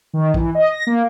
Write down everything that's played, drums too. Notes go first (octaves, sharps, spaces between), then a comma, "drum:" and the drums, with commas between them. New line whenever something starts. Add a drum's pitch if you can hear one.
D#3
E3, drum: kick
D#5
A#6
A#3